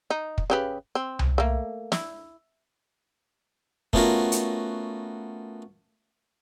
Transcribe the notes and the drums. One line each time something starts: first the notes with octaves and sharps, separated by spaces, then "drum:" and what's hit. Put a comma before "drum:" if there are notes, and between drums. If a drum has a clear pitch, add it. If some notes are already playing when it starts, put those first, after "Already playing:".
D#4
drum: kick
C#3 G4 B4
C4
drum: tom C2
A3 A#3
E4, drum: snare
A3 B3 C#4 F4 F#4 A#4, drum: kick
drum: hi-hat